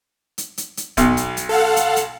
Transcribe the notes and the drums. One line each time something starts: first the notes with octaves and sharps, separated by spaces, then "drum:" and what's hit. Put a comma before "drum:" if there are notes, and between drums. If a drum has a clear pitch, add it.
drum: hi-hat
drum: hi-hat
drum: hi-hat
B1 B2, drum: kick, hi-hat
drum: hi-hat
drum: hi-hat
A4 F5 F#5
drum: hi-hat
drum: hi-hat